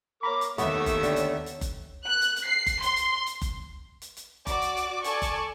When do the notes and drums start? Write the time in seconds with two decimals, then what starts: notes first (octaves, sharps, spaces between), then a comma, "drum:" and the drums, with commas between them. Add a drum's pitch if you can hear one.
0.23 A#4 C#5 A#5 B5 D6
0.41 drum: hi-hat
0.58 D#2 A3 B3 C#5 E5 F#5, drum: hi-hat
0.86 drum: kick F#1, hi-hat
1.03 D3 G5, drum: hi-hat
1.16 drum: hi-hat
1.46 drum: hi-hat
1.61 drum: kick F#1, hi-hat
2.05 F#6
2.21 drum: hi-hat
2.36 drum: hi-hat
2.46 C7
2.66 drum: kick F#1, hi-hat
2.82 C6, drum: hi-hat
2.96 drum: hi-hat
3.26 drum: hi-hat
3.41 drum: kick F#1, hi-hat
4.02 drum: hi-hat
4.17 drum: hi-hat
4.47 F#4 D5 D6, drum: kick F#1, hi-hat
4.62 drum: hi-hat
4.77 drum: hi-hat
5.04 A4 D5 G#5 A5 C#6, drum: hi-hat
5.22 drum: kick F#1, hi-hat